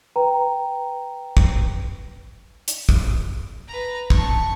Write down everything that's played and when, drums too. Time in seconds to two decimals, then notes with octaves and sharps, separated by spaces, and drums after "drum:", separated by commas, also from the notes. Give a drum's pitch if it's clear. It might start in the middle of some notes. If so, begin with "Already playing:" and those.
0.16 B4 G5 A#5
1.37 drum: kick
2.68 drum: hi-hat
2.89 drum: kick
3.68 B4 A#5
4.10 A5 C#6, drum: kick